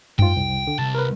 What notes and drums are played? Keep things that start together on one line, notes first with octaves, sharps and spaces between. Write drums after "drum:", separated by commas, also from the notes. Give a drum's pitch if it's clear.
G#2 F4 G5, drum: tom F#2
C2
D3
C2 A5
A#4 B4